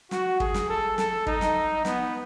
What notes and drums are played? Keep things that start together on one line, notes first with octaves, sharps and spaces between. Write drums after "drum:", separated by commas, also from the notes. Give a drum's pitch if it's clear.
F#4, drum: snare
G#4, drum: kick
drum: snare
A4
A4, drum: snare
D#4, drum: kick
drum: snare
B3, drum: snare